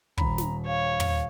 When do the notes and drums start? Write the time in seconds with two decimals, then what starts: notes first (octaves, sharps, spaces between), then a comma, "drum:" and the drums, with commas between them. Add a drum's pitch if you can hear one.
0.18 D#1 A#5 B5, drum: kick
0.38 drum: snare
0.67 C#5 F5
1.00 drum: tom